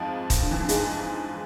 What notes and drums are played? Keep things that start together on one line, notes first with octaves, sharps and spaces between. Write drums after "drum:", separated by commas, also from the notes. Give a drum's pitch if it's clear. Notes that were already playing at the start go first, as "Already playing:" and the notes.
Already playing: F2 G#2 F3
drum: kick D#1, hi-hat
D3
E3
F3
G#2 G#3, drum: hi-hat